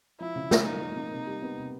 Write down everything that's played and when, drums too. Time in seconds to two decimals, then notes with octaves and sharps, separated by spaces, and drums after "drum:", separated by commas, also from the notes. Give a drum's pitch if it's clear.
0.20 F3 E4
0.36 C#3
0.51 A#3, drum: snare
0.66 F3 D#4
0.81 F3
0.97 A#3
1.12 C3
1.27 G3
1.42 B3
1.57 C3